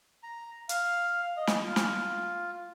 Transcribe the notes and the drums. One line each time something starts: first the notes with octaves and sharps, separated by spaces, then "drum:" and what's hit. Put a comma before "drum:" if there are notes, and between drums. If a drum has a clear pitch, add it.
A#5
F5, drum: hi-hat
D#5
drum: snare
F4
drum: snare